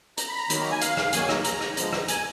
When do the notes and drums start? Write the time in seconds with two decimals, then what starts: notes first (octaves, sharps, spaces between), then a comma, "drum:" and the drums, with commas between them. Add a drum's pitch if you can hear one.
0.17 A#5, drum: hi-hat
0.29 B5
0.38 A#5
0.50 D#3 F#3 A#3 B5, drum: hi-hat
0.60 A#5
0.71 G#5
0.81 F5, drum: hi-hat
0.97 drum: rim click
1.13 D#3 F#3 A#3 G#5, drum: hi-hat
1.29 A#5, drum: rim click
1.44 A#5, drum: hi-hat
1.61 drum: rim click
1.77 D3 F3 G#3, drum: hi-hat
1.93 drum: rim click
2.08 G#5, drum: hi-hat